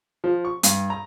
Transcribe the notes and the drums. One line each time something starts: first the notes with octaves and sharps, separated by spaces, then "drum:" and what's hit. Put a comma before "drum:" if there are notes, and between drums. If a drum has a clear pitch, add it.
F3
C#6
G2, drum: hi-hat
A#5